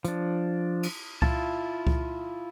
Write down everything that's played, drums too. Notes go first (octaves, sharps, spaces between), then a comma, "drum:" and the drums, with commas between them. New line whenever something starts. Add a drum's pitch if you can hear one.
F3 D4, drum: hi-hat
drum: cymbal
E4 F4 A5, drum: kick C#2
drum: kick C#2